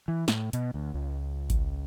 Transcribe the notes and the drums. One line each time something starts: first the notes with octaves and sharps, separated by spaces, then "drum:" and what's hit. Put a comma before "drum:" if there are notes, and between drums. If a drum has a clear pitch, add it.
E3
A2, drum: snare
B2, drum: hi-hat
D2
C#2
drum: kick G#1, hi-hat